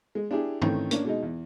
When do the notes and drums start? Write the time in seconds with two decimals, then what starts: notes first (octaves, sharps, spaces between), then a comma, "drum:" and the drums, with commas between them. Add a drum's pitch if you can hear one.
0.15 G#3
0.31 D4 E4 G4 G#4
0.62 D#3 E3 A3 C4 C#4, drum: tom G#2
0.91 A#3 C#4 D4, drum: hi-hat
1.04 B2 G#3 D#4
1.23 E2